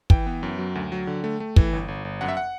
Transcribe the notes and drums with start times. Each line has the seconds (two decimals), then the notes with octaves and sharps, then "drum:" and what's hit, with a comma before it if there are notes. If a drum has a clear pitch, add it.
0.10 E3 G5, drum: kick
0.26 B3
0.43 F#2
0.59 F#3
0.75 D2
0.92 F#3
1.07 D3
1.24 A3
1.40 A3
1.56 E3, drum: kick
1.73 G1
1.88 G1
2.05 G1
2.21 F#2 F#5
2.28 E5
2.37 F#5